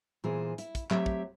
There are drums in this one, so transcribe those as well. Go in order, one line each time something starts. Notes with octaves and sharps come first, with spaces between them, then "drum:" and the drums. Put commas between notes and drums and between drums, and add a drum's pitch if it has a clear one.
A#2 E3 B3 G#4 C5
E4, drum: hi-hat
drum: kick, hi-hat
F#3 A3 C4 G4 C#5 E5, drum: clap
drum: kick